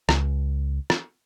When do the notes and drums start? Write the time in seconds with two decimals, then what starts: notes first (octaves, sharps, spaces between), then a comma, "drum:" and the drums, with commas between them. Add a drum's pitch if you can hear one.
0.09 C#2, drum: rim click
0.90 drum: rim click